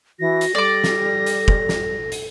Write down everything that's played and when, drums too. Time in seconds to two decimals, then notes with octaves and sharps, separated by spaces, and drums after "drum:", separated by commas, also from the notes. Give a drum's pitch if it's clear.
0.20 E3 F#4 A#6
0.41 drum: hi-hat
0.55 G3 A4 D5 D6
0.84 drum: snare
1.26 drum: hi-hat
1.48 drum: kick
1.69 drum: snare
2.12 drum: hi-hat